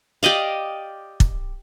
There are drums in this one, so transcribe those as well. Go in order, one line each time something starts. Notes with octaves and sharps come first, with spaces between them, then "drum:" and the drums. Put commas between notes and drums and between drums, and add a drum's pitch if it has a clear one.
G4 D5 D#5 F5
drum: kick